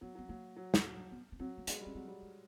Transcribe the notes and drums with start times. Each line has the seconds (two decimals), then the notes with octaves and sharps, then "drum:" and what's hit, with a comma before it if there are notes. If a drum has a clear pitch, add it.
0.01 F#3 B3
0.15 F#3 B3
0.29 F#3 A#3
0.56 F#3
0.74 drum: snare
0.85 F#3
1.12 B3
1.32 B3
1.39 F#3 C4
1.58 A#3
1.67 G#3 B3, drum: hi-hat
1.81 G3
1.86 C#4
1.94 F#3 C4
2.08 G3
2.22 G#3